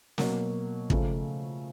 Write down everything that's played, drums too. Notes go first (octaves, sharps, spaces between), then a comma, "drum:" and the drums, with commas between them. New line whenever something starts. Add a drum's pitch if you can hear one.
B2 F#3 A#3, drum: snare
C#3 F3 A3, drum: kick